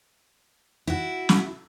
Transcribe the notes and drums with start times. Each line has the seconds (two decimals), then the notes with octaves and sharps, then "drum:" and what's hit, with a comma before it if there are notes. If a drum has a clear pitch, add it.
0.87 E4 F#4
1.29 drum: snare